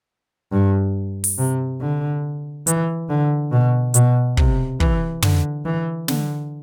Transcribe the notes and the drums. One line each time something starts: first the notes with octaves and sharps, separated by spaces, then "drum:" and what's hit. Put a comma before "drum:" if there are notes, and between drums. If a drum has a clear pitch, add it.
G2
drum: open hi-hat
C3
D3
E3, drum: hi-hat
D3
B2
B2, drum: hi-hat
C3, drum: kick
E3, drum: kick
D3, drum: tom
E3
D3, drum: snare